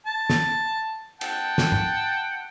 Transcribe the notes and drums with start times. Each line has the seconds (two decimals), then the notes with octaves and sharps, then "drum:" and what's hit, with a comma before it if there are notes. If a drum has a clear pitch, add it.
0.06 A5
0.30 drum: snare
1.21 F#5 G5 A5, drum: cymbal
1.58 drum: snare
1.72 drum: tom